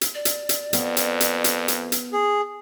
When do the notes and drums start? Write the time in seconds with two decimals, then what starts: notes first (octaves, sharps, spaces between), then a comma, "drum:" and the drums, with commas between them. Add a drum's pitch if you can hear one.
0.01 drum: hi-hat
0.15 D5
0.25 drum: hi-hat
0.49 drum: hi-hat
0.73 F2 B3, drum: hi-hat
0.97 drum: hi-hat
1.20 drum: hi-hat
1.44 drum: hi-hat
1.68 drum: hi-hat
1.92 drum: hi-hat
2.13 G#4